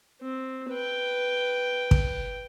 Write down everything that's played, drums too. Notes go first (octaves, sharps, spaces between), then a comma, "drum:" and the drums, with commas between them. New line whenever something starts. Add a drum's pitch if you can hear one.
C4
B4 G5
drum: kick